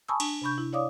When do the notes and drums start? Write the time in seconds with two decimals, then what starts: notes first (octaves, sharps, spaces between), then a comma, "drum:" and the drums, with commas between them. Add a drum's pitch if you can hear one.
0.08 G#5 A5 B5 C#6 D#6 E6
0.20 D4, drum: cymbal
0.42 C3 D4 B5 C#6 G6
0.58 E4
0.73 E4 C#5 D5 F5 D6 D#6